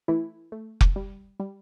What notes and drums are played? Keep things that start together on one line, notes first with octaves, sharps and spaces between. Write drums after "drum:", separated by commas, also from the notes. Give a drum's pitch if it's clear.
E3 A3 E4
A3
drum: kick F1
G3
G3